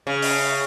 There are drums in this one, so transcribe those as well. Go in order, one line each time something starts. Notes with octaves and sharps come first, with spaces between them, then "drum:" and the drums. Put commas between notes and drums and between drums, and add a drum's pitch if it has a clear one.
C#3
drum: open hi-hat